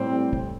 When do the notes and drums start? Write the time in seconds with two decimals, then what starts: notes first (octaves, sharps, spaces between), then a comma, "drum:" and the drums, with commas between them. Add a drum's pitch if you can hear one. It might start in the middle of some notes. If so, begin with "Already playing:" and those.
Already playing: A2 G3 C4
0.33 drum: kick